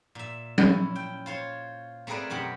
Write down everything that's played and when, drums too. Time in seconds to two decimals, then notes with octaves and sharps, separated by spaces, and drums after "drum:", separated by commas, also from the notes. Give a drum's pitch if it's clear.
0.15 A#2 E5
0.58 C#4 E4, drum: tom F#3
0.96 G5
1.26 F4 C5 C#5
2.07 A3 C4 G#4 A#4 B4 D5
2.30 F#2 B2 G4 F#5